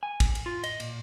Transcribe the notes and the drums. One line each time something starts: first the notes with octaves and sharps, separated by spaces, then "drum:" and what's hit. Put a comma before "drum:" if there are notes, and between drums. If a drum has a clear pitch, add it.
G#5
drum: kick, cymbal
drum: cymbal
F4
D#5, drum: cymbal
A#2, drum: cymbal